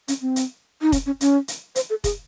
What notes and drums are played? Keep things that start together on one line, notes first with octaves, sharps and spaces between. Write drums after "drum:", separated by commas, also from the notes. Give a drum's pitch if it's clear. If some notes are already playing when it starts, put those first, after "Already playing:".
C#4, drum: hi-hat
C4
drum: hi-hat
D#4
C#4, drum: kick F1, hi-hat
C#4
C#4, drum: hi-hat
drum: hi-hat
C5, drum: hi-hat
A4
G#4, drum: kick F1, hi-hat